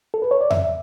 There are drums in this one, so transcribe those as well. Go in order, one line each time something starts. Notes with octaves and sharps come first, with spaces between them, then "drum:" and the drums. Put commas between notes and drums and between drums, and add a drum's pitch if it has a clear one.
A4
B4
C#5
D5
E5, drum: tom F2